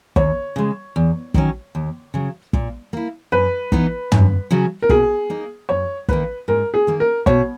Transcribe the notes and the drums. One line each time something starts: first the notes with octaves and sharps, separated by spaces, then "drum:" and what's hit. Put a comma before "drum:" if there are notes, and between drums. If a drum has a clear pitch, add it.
D#2 C#5, drum: kick
C#3 G#3
E2
D#3 F#3 C#4, drum: kick
D#2
C#3 F#3
A#2, drum: kick
A#3 E4
F#2 B4
E3 B3 D#4, drum: kick
F#2, drum: tom
C#3 F#3 C#4
A#4
B2 G#4, drum: kick
A#3 D#4
F#2 C#5
D#3 A#3 D#4 B4, drum: kick
G#2 A#4
G#4
D#3 A#3
A#4
B2 C#5, drum: kick